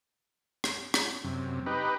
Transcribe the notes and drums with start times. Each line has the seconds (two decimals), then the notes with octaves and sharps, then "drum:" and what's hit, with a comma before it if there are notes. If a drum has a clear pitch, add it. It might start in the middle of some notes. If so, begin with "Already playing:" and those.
0.64 drum: rim click
0.94 drum: rim click
1.24 F#2 C3
1.66 D#4 G4 B4